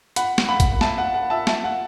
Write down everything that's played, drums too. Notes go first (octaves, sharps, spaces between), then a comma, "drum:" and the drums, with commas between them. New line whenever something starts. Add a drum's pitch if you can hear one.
F#5 B5, drum: hi-hat
drum: snare
F#5 B5
drum: kick, hi-hat
E5 A5, drum: snare
F#5
F#5
E5 A5
E5 A5, drum: snare
F#5